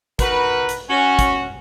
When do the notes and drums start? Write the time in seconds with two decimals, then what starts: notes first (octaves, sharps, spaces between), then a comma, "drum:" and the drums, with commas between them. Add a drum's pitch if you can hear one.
0.19 D#4 F#4 A#4 B4, drum: kick, hi-hat
0.69 drum: hi-hat
0.89 C#4 F#4
1.19 drum: kick, hi-hat